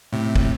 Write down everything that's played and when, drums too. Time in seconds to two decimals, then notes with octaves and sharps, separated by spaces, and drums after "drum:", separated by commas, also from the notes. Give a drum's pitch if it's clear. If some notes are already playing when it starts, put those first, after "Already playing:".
0.13 A2 C3
0.36 drum: kick